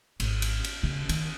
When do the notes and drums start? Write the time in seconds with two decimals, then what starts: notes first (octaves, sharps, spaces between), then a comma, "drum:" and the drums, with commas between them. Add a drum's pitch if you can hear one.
0.20 G#1, drum: cymbal
0.42 drum: cymbal
0.64 drum: cymbal
0.83 C#3
1.09 D#3, drum: cymbal